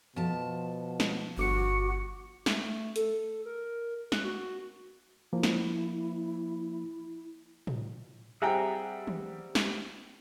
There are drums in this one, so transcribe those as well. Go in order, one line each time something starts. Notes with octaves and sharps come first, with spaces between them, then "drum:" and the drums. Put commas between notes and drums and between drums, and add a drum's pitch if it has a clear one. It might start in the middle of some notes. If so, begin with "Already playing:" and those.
B2 F3 A5
drum: snare
G1 F#4 D6 C#7
A3, drum: snare
A4, drum: hi-hat
A#4
F#6, drum: snare
F#4
F3 A#3 E4
drum: snare
drum: tom A2
G3 C4 G#4 E5 F#5 G5 A#5
drum: tom D#3
drum: snare